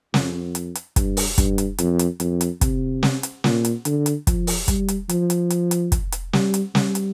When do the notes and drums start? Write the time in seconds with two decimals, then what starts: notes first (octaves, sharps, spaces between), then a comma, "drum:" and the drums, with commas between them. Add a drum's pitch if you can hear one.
0.14 F2, drum: snare
0.55 drum: hi-hat
0.75 drum: hi-hat
0.96 G2, drum: kick, hi-hat
1.17 drum: open hi-hat
1.38 G2, drum: kick, hi-hat
1.58 drum: hi-hat
1.78 F2, drum: hi-hat
1.99 drum: hi-hat
2.20 F2, drum: hi-hat
2.41 drum: hi-hat
2.61 C3, drum: kick, hi-hat
3.03 drum: snare
3.23 drum: hi-hat
3.44 A#2, drum: snare
3.65 drum: hi-hat
3.85 D3, drum: hi-hat
4.06 drum: hi-hat
4.27 F3, drum: kick, hi-hat
4.47 drum: open hi-hat
4.68 G3, drum: kick, hi-hat
4.88 drum: hi-hat
5.09 F3, drum: hi-hat
5.30 drum: hi-hat
5.50 drum: hi-hat
5.71 drum: hi-hat
5.92 drum: kick, hi-hat
6.12 drum: hi-hat
6.33 G3, drum: snare
6.54 drum: hi-hat
6.75 G3, drum: snare
6.95 drum: hi-hat